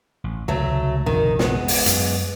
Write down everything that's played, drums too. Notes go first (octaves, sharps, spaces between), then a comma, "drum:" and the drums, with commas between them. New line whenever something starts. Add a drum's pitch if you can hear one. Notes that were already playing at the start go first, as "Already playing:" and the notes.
A1
C#2 C3 D#3 F#3 A3
A#1 F2 C3 D#3
G#3 B3, drum: snare
drum: open hi-hat
F#2 F#3, drum: hi-hat